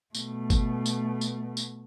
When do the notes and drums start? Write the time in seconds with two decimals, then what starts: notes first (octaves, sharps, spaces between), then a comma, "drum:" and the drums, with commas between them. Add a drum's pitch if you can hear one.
0.15 B2 A3, drum: tambourine
0.50 drum: kick, tambourine
0.86 drum: tambourine
1.21 drum: tambourine
1.57 drum: tambourine